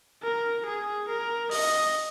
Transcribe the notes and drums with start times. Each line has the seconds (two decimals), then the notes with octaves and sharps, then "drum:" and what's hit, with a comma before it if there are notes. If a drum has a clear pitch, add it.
0.23 A#4
0.65 G#4
1.08 A#4
1.51 D#5, drum: open hi-hat